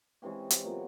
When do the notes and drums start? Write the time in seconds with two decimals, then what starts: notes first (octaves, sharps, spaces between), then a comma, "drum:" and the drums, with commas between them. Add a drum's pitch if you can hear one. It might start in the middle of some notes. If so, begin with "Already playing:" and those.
0.22 C3 E3 G#3 C#4 G4
0.51 drum: hi-hat
0.64 A#2 F#3 B3